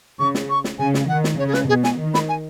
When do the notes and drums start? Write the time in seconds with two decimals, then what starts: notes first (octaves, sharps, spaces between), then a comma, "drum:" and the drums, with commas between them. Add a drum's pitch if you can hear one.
0.20 C#3 C#6
0.35 drum: snare
0.50 C#6
0.64 drum: snare
0.79 C#3 G#5
0.94 drum: snare
1.09 D#3 F#5
1.24 drum: snare
1.39 C#3 C#5
1.47 G#4
1.54 B4, drum: snare
1.68 B2 G#4
1.84 G#5, drum: snare
1.99 D#3
2.14 B5, drum: snare
2.29 G#5